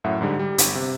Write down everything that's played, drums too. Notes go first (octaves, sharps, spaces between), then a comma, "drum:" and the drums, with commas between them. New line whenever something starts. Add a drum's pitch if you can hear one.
F#2 A2 E5 F#5
G#2 D3 G3
G3
G1, drum: hi-hat
C3